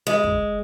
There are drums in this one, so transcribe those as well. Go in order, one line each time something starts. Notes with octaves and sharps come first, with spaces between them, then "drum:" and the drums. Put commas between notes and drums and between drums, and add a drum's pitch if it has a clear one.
G#3
drum: kick